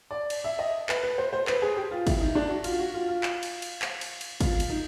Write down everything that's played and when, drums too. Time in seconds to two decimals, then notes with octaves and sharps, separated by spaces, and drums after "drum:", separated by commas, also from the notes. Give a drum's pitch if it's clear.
0.11 D5
0.30 drum: cymbal
0.44 E5
0.59 D#5
0.89 B4, drum: clap
1.03 B4
1.18 C5
1.33 C5
1.47 B4, drum: clap
1.62 G#4
1.77 G4
1.91 F4
2.07 E4, drum: kick, cymbal
2.21 D#4
2.35 D4
2.50 F#4
2.64 F4, drum: cymbal
2.79 F#4
2.94 F4
3.08 F4
3.23 drum: clap
3.43 drum: cymbal
3.62 drum: cymbal
3.82 drum: clap
4.01 drum: cymbal
4.21 drum: cymbal
4.41 F4, drum: kick, cymbal
4.60 drum: cymbal
4.70 D#4